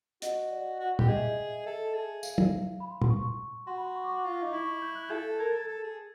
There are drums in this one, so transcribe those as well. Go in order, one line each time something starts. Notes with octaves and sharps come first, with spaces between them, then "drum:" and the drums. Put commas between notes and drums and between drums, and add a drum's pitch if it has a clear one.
F#4 D#5, drum: hi-hat
D5
F#4
G4, drum: tom
G#4 D#5
E5
D#5
A4 E5
G#4
F5, drum: tambourine
drum: tom
B5
C6
C6, drum: tom
C#6
F#4 C6
B5
C6
C#6
D6
C#6
F4
D#4 D6
E4 C#6
G6
F#6
A4 G6
A#4 G#6
A4 A6
G#6
A4
G#4